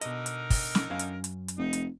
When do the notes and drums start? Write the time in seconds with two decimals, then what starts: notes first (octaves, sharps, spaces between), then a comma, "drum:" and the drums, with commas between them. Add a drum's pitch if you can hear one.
0.01 B2 D3 D#4 A#4 D#5, drum: hi-hat
0.26 drum: hi-hat
0.50 drum: kick, open hi-hat
0.75 drum: snare
0.90 F#2 C#4 F5
0.99 drum: hi-hat
1.24 drum: hi-hat
1.48 drum: hi-hat
1.58 F1 D#4
1.73 drum: hi-hat